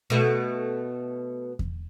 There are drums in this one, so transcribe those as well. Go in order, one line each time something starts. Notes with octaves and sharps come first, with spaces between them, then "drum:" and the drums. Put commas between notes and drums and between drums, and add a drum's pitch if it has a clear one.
B2 A3
drum: kick E2